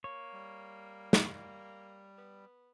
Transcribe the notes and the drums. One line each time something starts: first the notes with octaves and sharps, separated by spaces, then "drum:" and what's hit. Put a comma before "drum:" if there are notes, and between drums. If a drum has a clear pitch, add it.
A#3 C#5
G3
drum: snare
B3